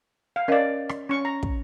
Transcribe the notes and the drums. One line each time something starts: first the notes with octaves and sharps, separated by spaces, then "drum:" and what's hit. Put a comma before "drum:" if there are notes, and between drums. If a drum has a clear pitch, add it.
F5
C#4 A#4 D5 D#5 F5
drum: rim click
C#4 C#6
A#5
drum: kick